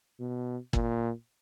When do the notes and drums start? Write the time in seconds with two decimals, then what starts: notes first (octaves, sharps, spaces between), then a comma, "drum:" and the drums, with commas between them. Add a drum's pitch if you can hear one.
0.20 B2
0.73 A#2, drum: kick